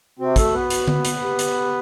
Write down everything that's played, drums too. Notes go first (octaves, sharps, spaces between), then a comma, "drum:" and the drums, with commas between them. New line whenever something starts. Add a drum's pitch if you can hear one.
C3 C4 F#4
A3 A4, drum: kick, hi-hat
B3 B4
drum: hi-hat
drum: tom D3
drum: hi-hat
G4
drum: hi-hat